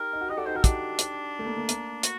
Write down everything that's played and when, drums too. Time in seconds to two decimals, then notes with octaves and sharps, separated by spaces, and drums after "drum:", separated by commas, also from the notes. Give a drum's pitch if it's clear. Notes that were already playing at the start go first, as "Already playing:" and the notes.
Already playing: D#4 G4 A#4
0.13 D#4
0.21 F#4
0.29 D#4 G4 D#5
0.37 F#4 A4 D5
0.46 D#4 G4 C5
0.55 F#4 A4 A#4
0.64 D4 D#4 G4, drum: kick, hi-hat
0.99 drum: hi-hat
1.39 A3
1.45 A#3
1.57 A#3
1.69 A#3, drum: hi-hat
2.03 F#4, drum: hi-hat